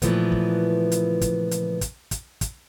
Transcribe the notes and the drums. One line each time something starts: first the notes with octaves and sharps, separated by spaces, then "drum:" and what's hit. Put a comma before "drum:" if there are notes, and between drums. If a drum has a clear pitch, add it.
A#2 C#3 E3 F3 A3 B3, drum: kick, hi-hat
drum: kick
drum: hi-hat
drum: kick, hi-hat
drum: hi-hat
drum: kick, hi-hat
drum: kick, hi-hat
drum: kick, hi-hat